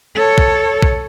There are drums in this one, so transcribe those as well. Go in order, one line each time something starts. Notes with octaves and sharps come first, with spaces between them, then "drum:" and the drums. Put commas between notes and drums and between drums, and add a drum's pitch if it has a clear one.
A4 C#5
drum: kick
drum: kick